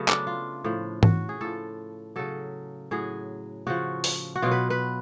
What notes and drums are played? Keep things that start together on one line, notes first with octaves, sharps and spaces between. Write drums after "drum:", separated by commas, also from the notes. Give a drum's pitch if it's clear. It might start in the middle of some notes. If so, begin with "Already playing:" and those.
Already playing: C#3 F#3 A3 B3
D4, drum: clap
F4
A2 F3
F#4, drum: tom
G#4
A2 F3 A4
C#3 F#3 A4
A2 F#3 G#4
C#3 F3 F#4
drum: open hi-hat
F#4
B2 F#3 F4
B4
B4